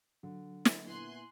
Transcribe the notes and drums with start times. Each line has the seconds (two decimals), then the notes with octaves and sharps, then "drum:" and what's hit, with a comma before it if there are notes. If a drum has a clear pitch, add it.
0.23 D3 F#3
0.65 drum: snare
0.86 A#2 B3 E4 G#5 C6 F#6